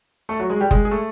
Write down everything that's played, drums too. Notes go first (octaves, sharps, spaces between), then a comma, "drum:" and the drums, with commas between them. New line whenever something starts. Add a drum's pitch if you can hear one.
A3 A4
F#3 F#4
G#3 G#4
G3 G4
G#3 G#4, drum: kick
G#4
A3 A4